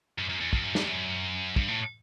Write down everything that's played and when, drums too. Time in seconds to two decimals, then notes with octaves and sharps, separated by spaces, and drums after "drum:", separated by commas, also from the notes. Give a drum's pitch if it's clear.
0.18 F#2
0.30 F#2
0.41 E2
0.53 F2, drum: kick
0.64 F#2
0.75 F2, drum: snare
0.87 F#2
1.56 G2, drum: kick
1.68 A2